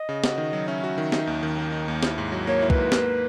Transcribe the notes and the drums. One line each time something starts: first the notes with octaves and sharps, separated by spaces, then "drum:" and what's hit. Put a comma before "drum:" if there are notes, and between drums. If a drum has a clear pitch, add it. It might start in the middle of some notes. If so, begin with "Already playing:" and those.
Already playing: D#5
C#3
F#4, drum: snare
D#3
F#3
C#4 E5
F#4
D#3
D#4, drum: snare
D#2
D#3
A#3
D#4
D#2
E4, drum: snare
G#2
F#3
A#3 C#5
E4
B4, drum: kick
G#2
A#3, drum: snare